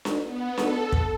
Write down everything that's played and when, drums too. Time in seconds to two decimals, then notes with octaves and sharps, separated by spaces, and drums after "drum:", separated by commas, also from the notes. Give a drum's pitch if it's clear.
0.05 drum: snare D4
0.24 B3
0.57 A4, drum: snare D4
0.92 drum: kick